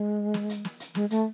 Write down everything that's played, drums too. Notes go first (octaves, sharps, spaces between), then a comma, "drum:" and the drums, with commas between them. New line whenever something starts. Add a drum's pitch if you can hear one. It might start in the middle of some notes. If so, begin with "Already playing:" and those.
Already playing: G#3
drum: snare
drum: hi-hat
drum: snare
drum: hi-hat
G#3, drum: snare
A3, drum: hi-hat